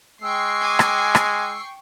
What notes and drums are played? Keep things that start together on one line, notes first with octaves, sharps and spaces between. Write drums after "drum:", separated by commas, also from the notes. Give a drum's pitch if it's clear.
G#3 G5 C#6 E6 C7
G#5 D6
drum: rim click
drum: rim click